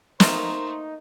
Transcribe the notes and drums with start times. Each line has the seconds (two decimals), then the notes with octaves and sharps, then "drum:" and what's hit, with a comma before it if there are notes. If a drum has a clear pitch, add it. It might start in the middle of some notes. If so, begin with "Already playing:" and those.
0.20 A3 A#3 D#4 A#4 C5 D#5 D#6, drum: snare